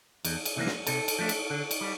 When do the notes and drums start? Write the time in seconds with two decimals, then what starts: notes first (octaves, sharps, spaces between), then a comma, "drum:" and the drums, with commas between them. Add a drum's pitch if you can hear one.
0.25 E2, drum: cymbal
0.45 drum: cymbal
0.56 C3 E3 A#3
0.66 drum: snare
0.87 C3 A4, drum: cymbal
1.08 drum: cymbal
1.19 F3 A3 D4
1.29 drum: cymbal
1.50 D3
1.71 drum: cymbal
1.81 G3